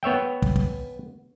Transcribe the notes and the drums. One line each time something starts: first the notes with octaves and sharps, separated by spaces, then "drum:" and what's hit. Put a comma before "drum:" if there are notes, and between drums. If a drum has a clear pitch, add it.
B3 C#5 E5 G5
drum: kick
drum: kick